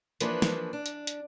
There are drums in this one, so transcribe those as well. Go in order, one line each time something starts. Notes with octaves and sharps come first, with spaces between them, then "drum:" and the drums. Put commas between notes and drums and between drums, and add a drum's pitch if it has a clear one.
E3 F3 A#3 D4 B4, drum: hi-hat
drum: snare
D4
drum: hi-hat
drum: hi-hat